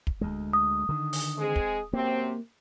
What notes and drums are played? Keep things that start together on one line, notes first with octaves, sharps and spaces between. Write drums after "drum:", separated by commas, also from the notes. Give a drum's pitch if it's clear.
drum: kick
D2 G#3
D#6
D3 D#3
drum: open hi-hat
G#3 C4 G#4
drum: kick
F#2 C3 A#3 C4